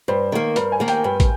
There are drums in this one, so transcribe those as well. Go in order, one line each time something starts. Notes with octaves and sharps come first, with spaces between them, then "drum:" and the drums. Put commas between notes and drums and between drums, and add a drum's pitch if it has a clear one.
G2 C5
D#3 A#3
G2 A#4, drum: hi-hat
G#5
D#3 A#3
G5, drum: hi-hat
G2
drum: kick, hi-hat